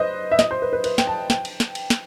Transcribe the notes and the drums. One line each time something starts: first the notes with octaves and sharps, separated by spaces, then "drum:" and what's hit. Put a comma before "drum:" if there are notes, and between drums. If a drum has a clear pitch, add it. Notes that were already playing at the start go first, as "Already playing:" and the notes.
Already playing: B4 C5 D#5
E5
D#5, drum: snare
C5
B4
B4
B4, drum: cymbal
G5, drum: snare
A5
G5, drum: snare
drum: cymbal
drum: snare
drum: cymbal
drum: snare